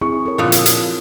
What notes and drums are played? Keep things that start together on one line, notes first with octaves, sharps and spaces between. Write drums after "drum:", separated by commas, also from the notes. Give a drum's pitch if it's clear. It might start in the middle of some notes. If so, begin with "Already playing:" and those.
C4 E4 G#4 C#6
A4 A#4 C#5
A#2 D3 F3 B3
drum: hi-hat
drum: hi-hat